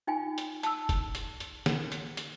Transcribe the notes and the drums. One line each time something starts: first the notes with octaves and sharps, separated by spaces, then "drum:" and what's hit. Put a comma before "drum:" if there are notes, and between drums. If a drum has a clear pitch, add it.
D#4 F4 G5 G#5
drum: hi-hat
A5 E6, drum: hi-hat
drum: kick F1, hi-hat
drum: hi-hat
drum: hi-hat
drum: snare
drum: hi-hat
drum: hi-hat